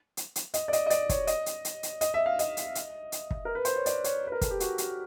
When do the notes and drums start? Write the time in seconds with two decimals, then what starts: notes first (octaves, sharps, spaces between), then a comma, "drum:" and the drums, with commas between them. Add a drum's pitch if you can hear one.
0.17 drum: hi-hat
0.36 drum: hi-hat
0.54 D#5, drum: hi-hat
0.68 D5
0.73 D#5, drum: hi-hat
0.86 D#5
0.90 D5, drum: hi-hat
1.09 C#5, drum: kick, hi-hat
1.27 D#5, drum: hi-hat
1.46 drum: hi-hat
1.65 drum: hi-hat
1.83 drum: hi-hat
2.01 D#5, drum: hi-hat
2.14 E5
2.26 F5
2.39 D#5, drum: hi-hat
2.57 drum: hi-hat
2.75 drum: hi-hat
3.12 drum: hi-hat
3.31 drum: kick
3.45 A#4
3.55 B4
3.65 C5, drum: hi-hat
3.76 C#5
3.86 D5, drum: hi-hat
4.04 C#5, drum: hi-hat
4.27 B4
4.32 A#4
4.41 A4, drum: kick, hi-hat
4.51 G4
4.60 F#4, drum: hi-hat
4.78 drum: hi-hat